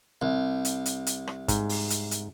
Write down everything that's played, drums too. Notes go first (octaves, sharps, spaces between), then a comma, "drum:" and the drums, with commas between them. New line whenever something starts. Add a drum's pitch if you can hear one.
C2
drum: hi-hat
drum: hi-hat
drum: hi-hat
drum: rim click
G#2, drum: kick, hi-hat
drum: open hi-hat
drum: hi-hat
drum: hi-hat